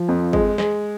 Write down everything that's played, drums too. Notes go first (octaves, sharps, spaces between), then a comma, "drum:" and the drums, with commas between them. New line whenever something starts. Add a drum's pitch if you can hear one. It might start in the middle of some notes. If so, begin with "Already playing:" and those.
Already playing: F3
F2
G#3, drum: kick G1
G#3, drum: snare